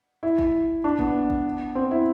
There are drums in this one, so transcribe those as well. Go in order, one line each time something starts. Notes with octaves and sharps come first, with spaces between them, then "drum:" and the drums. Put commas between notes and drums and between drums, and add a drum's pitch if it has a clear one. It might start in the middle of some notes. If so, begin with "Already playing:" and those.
E4
drum: kick G#1
D4
B3, drum: kick G#1
drum: kick G#1
C4
E4